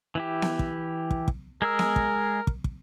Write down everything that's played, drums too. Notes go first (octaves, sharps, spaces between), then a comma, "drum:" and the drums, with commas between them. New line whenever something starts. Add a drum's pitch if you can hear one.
E3 E4 G4
drum: snare B3
drum: kick
drum: kick
drum: kick
G#3 G#4 A#4 E6
drum: snare B3
drum: kick
drum: kick
drum: kick